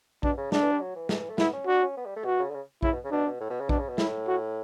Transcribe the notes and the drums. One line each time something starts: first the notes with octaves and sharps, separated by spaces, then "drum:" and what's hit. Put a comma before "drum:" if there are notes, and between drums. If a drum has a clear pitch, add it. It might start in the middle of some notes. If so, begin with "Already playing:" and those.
B2 D4, drum: kick A#1
C#3
D3 D4, drum: snare
E3
G3
F#3
E3
E3, drum: snare
E3
A3
B3 E4, drum: snare
C#4
D4 F#4
C#4
B3
G3
A3
B2 F#4
C#3
D3
C#3
C#3 E4, drum: kick A#1
B2
C#3
B2 D4
B2
A2
B2
C#3
B2 D4, drum: kick A#1
C#3
B2
A2 E4, drum: snare
F#4